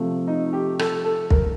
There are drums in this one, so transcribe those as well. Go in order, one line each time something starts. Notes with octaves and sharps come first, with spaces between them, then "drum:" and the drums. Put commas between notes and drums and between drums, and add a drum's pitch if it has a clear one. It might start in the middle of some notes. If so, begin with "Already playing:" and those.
Already playing: C3 F3 A3
D#4
G4
A4, drum: rim click
A4
A#4, drum: kick